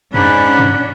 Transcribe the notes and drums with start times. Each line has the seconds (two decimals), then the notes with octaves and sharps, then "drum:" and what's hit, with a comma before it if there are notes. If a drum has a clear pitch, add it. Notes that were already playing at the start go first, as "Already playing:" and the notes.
0.14 G#2 C#4 D4 B5 F#6, drum: tom F2
0.59 drum: tom G2